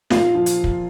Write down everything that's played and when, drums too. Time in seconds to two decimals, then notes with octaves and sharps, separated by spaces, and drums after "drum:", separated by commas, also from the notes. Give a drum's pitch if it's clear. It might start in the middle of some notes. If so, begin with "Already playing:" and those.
0.10 A#2 F4 F5, drum: snare
0.35 F3
0.46 drum: hi-hat
0.64 drum: kick